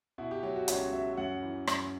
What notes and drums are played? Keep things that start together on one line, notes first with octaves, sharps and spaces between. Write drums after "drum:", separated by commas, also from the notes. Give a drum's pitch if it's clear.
B2 E4
G4
F#3 G4
F#4
C#2 C#5, drum: hi-hat
F#3 E5
E5
F#2 F#5
E3
F#2, drum: rim click